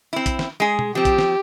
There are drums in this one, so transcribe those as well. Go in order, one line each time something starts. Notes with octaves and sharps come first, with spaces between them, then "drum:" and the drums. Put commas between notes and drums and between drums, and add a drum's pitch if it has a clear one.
C4 E4
drum: kick, hi-hat
drum: snare
G#3 G#4
drum: tom B2
F3 C4 G4
drum: kick, hi-hat
drum: snare